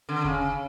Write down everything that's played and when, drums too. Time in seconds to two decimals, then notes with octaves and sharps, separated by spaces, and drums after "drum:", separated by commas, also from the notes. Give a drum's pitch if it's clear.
0.09 D3
0.24 C#3, drum: kick F1